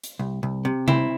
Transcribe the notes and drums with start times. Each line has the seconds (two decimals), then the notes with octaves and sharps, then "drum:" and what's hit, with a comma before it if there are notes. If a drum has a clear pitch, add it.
0.04 drum: hi-hat
0.19 C2
0.43 C2
0.65 C3
0.88 C2 C4 E4, drum: tom C3